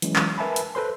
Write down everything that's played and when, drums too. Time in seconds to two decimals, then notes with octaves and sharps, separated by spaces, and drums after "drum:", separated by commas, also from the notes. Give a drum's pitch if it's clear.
0.02 E3 F#3 G#3 C#4, drum: hi-hat
0.16 drum: clap
0.38 A#4 B4 E5 G#5 A5 B5
0.56 drum: hi-hat
0.75 A4 B4 C5 C6